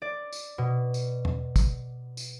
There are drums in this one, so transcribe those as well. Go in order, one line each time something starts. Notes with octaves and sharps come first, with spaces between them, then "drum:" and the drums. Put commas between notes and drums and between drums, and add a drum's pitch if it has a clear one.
D5
drum: tambourine
B2
drum: tambourine
drum: tom
drum: kick, tambourine
drum: tambourine